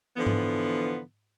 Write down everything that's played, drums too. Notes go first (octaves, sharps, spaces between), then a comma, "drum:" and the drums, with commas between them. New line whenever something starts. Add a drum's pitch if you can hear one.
D3 E3 F3 B3
drum: tom G#2